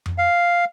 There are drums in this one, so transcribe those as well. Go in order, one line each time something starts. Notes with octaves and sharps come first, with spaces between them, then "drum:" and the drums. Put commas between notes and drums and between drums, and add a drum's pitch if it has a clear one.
drum: tom F2
F5